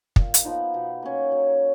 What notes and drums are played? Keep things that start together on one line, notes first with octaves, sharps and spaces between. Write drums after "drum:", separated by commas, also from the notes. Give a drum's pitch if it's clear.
A#2, drum: kick
drum: hi-hat
F3 B3 D#4
B2
A#3 C#4
F#3